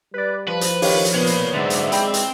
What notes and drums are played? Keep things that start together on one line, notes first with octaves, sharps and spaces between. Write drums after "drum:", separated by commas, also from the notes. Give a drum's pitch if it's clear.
G3 B4 D5
F3 B4
drum: hi-hat
D#3 G4 C#5 F5, drum: open hi-hat
drum: hi-hat
A#2 B3 C#5 B5
drum: hi-hat
G#2 D3 F#3 D5 E5
drum: hi-hat
G#3 C4 G5 B5, drum: hi-hat
drum: hi-hat